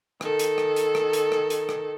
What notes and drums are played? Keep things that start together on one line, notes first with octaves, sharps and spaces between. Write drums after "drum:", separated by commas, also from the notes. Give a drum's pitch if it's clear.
D#3 A4, drum: rim click
drum: hi-hat
drum: rim click
drum: hi-hat
drum: rim click
drum: hi-hat
drum: rim click
drum: hi-hat
drum: rim click